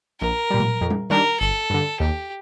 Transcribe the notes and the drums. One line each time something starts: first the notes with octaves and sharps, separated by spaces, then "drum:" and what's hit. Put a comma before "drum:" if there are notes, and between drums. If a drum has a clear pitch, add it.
A#1 A#4
A#2 G3
drum: tom A#2
F2
drum: tom G3
D#3 G3 D4 A#4
G1 A4
G2 D3
D#2 G4